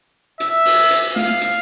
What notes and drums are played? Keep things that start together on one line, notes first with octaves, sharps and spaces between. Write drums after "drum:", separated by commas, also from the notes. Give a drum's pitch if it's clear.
E5, drum: hi-hat
drum: open hi-hat
drum: hi-hat
F5, drum: snare
drum: hi-hat